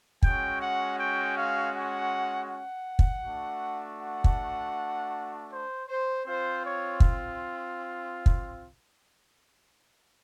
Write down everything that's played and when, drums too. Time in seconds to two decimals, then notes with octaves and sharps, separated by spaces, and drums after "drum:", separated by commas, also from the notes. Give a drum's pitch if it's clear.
0.23 G#3 C#4 F#4 G5, drum: kick
0.61 F#5
0.98 G5
1.36 F5
1.73 F#5
2.48 F#5
2.99 drum: kick
3.24 A3 D4 F#4
3.99 F#5
4.24 drum: kick
5.49 C5
5.88 C5
6.25 C4 F4 C5
6.63 C#5
7.00 drum: kick
8.26 drum: kick